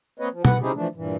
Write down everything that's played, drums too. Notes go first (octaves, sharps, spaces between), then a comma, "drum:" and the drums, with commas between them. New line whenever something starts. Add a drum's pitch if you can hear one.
A#3 C4 B4 C#5 D#5
F3
B4 F#5, drum: tom B2
C4 C#4 D#4 E4 G4 G#4
E3 F3 A3 D4
G2 A#2 E3